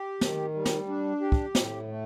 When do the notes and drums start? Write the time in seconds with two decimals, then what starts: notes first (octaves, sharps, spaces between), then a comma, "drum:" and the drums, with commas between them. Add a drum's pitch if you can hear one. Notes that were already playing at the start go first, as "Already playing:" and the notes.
Already playing: G4
0.21 D#3, drum: snare
0.54 G3
0.65 drum: snare
0.88 D4
1.21 G4
1.32 drum: kick
1.55 A2, drum: snare
1.88 A3